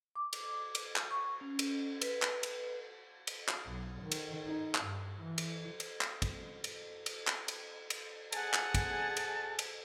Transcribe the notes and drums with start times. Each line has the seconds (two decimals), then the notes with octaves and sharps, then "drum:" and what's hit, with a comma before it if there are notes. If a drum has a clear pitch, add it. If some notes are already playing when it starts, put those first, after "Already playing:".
0.15 D6
0.33 drum: cymbal
0.75 drum: cymbal
0.96 drum: clap
1.11 C#6
1.41 C#4
1.59 drum: cymbal
2.02 B4, drum: cymbal
2.22 drum: clap
2.43 drum: cymbal
3.27 drum: cymbal
3.48 drum: clap
3.66 B1
4.02 D#3
4.12 drum: cymbal
4.46 D#4
4.75 drum: clap
4.85 G2
5.21 E3
5.38 drum: cymbal
5.80 drum: cymbal
6.01 drum: clap
6.22 drum: kick, cymbal
6.64 drum: cymbal
7.06 drum: cymbal
7.27 drum: clap
7.48 drum: cymbal
7.90 drum: cymbal
8.32 G#4 F#5 G#5 A5, drum: cymbal
8.53 drum: clap
8.75 drum: kick, cymbal
9.17 drum: cymbal
9.59 drum: cymbal